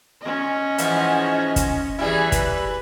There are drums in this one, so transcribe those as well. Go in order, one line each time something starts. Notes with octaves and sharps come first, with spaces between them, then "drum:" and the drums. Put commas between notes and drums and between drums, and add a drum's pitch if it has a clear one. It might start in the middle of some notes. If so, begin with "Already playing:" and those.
C#4 D#5
G#2 E3 F3, drum: hi-hat
drum: kick, hi-hat
E3 G3 E4 G#4 G#5
B4, drum: kick, hi-hat